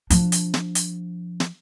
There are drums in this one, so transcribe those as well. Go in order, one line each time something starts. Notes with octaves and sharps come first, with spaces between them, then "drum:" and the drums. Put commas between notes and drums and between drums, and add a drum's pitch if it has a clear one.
F3 D4, drum: hi-hat
drum: hi-hat
drum: snare
drum: hi-hat
drum: snare